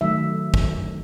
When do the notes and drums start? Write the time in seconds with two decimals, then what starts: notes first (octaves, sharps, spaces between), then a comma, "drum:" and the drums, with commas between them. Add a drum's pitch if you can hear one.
0.01 D#3 F#3 A3 E5
0.54 drum: kick